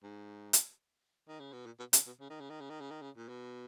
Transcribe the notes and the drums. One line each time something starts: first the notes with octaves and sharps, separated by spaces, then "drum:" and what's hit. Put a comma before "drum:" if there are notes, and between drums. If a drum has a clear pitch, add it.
G#2
drum: hi-hat
D#3
C#3
B2
A#2
B2
C#3, drum: hi-hat
B2
C#3
D#3
C#3
D#3
C#3
D#3
C#3
D#3
C#3
A#2
B2